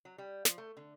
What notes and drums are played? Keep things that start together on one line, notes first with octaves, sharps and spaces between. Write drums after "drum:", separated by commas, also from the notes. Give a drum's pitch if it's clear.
F#3
G3
F3, drum: snare
A3
D3